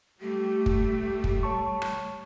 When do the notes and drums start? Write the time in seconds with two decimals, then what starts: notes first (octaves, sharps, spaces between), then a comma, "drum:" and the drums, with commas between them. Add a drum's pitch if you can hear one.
0.21 G3 A3 G4
0.66 drum: kick
1.24 drum: kick
1.43 C#5 A5 C#6
1.82 drum: rim click